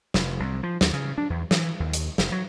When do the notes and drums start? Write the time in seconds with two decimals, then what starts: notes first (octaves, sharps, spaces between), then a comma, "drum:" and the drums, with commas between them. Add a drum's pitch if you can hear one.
0.14 F1, drum: snare
0.40 C2
0.63 F3
0.81 D#2, drum: snare
0.93 C#3
1.18 D4
1.30 E2
1.51 E3, drum: snare
1.80 D#2
1.93 drum: hi-hat
2.18 F#1, drum: snare
2.32 F#3